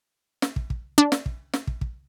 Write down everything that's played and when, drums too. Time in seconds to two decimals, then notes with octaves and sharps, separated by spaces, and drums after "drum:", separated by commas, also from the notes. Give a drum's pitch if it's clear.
0.42 drum: snare
0.56 drum: kick
0.70 drum: kick
0.98 D4
1.12 drum: snare
1.26 drum: kick
1.53 drum: snare
1.67 drum: kick
1.81 drum: kick